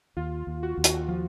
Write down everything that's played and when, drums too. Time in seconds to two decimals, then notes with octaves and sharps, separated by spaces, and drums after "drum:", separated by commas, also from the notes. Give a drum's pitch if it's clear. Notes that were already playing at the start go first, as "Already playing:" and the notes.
0.17 D#2 F4
0.47 D#2
0.63 F#4
0.78 D#2
0.84 F#4, drum: hi-hat
1.08 F3 F4